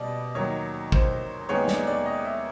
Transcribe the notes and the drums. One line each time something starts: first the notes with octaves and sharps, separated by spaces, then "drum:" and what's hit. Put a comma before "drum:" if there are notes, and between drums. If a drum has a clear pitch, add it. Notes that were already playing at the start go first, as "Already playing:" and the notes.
Already playing: B2 G3 D5 D#5
D#2 D#3 F#3 C#5
C5, drum: kick
D#2 D#3 G#3 B3 C#5
D5, drum: snare
D5
D#5
E5